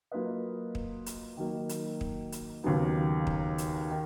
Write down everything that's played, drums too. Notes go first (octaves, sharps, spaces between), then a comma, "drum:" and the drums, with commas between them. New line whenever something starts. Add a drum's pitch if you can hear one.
F#3 A#3 F4 B4 D#5
drum: kick
drum: hi-hat
D#3 F#3 A#3 D#4
drum: hi-hat
drum: kick
drum: hi-hat
D#2 C#3 F#3 B3
drum: kick
drum: hi-hat
D#3